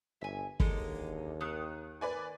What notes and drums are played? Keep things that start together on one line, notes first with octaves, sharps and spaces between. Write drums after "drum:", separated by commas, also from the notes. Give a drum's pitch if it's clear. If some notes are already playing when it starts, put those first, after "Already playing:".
G1 E5 G#5
D#2 D3 G#3 D#4, drum: kick F#1
D#3 D#6 F#6
B4 D5 G#5